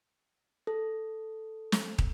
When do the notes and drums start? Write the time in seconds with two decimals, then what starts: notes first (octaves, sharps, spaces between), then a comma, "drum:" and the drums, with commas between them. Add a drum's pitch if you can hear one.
0.67 A4
1.72 drum: snare
1.98 drum: kick